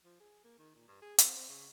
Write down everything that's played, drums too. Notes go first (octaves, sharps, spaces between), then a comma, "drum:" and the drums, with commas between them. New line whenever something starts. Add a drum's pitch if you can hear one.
F3
G#4
A#3
D#3
A#2
G2
G#4
C4, drum: hi-hat
C4
C#3